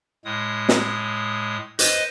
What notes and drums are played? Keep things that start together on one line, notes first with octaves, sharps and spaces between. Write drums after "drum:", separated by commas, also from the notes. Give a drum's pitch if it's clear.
A2 G#3 D#6
drum: snare
B4 C5 D#5, drum: hi-hat